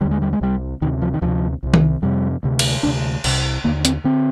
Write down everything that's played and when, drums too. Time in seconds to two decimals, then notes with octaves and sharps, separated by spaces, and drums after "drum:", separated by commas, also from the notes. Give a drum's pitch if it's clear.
0.01 D#2 D3 G3
0.11 G#3
0.22 G3
0.33 G#3
0.41 C2 C3 G3
0.81 D2 C3 D#3
1.02 F3
1.14 D#3
1.22 D2 C3 F3
1.63 C2 C3
1.74 drum: tom D#3
2.02 F2 C3 G3
2.43 D2 C3
2.59 drum: cymbal
2.83 D2 C3 D4
3.24 C2 C3, drum: cymbal
3.64 D#2 D3 A#3
3.85 C4, drum: hi-hat
4.04 D3 C4